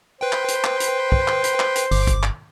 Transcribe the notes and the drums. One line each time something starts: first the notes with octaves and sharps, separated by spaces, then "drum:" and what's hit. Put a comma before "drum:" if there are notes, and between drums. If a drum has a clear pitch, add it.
B4 C5 G5
drum: clap
drum: hi-hat
drum: clap
drum: hi-hat
drum: kick
drum: clap
drum: hi-hat
drum: clap
drum: hi-hat
G1 D6, drum: open hi-hat
drum: kick, hi-hat
drum: clap